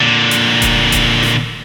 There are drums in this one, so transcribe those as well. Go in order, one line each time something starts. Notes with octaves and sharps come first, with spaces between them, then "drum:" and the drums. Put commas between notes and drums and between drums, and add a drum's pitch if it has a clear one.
A#2 D3
drum: hi-hat
drum: kick D#1, hi-hat
drum: kick D#1, hi-hat
drum: snare